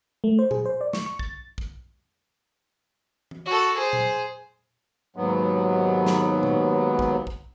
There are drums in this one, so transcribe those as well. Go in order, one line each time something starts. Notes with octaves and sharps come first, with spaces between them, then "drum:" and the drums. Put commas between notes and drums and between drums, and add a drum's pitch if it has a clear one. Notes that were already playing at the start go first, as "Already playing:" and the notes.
A3
C5
G#4, drum: tom A#2
C5
D5
C#6, drum: snare
C#6
A6, drum: kick
drum: kick
drum: tom E3
F#4 A4
G#4 C5
drum: tom A#2
D#2 G#2 F#3 B3
drum: snare
drum: tom A#2
drum: kick
drum: kick